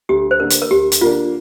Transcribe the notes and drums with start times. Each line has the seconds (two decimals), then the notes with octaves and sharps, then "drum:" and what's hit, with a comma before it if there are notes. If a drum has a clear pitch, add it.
0.09 D2 G4
0.31 C5
0.40 D3 A#3 D4 A#4
0.50 drum: hi-hat
0.62 A#4
0.71 D2 G4
0.92 drum: hi-hat
1.01 D3 A#3 D4 F4